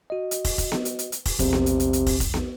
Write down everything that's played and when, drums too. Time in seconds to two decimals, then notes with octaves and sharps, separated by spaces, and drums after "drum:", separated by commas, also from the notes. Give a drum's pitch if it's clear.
0.10 F#4 D#5
0.31 drum: hi-hat
0.45 drum: kick, open hi-hat
0.58 drum: kick, hi-hat
0.72 drum: snare B3
0.85 drum: hi-hat
0.99 drum: hi-hat
1.12 drum: hi-hat
1.26 drum: kick, open hi-hat
1.39 A#1 E2 C3, drum: kick, hi-hat
1.53 drum: snare B3
1.66 drum: hi-hat
1.80 drum: hi-hat
1.93 drum: hi-hat
2.07 drum: kick, open hi-hat
2.20 drum: kick, hi-hat
2.34 drum: snare B3